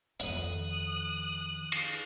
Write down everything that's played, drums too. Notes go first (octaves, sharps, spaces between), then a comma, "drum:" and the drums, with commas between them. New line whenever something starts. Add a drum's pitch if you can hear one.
F2 D#3 D#6 F#6, drum: hi-hat
drum: cymbal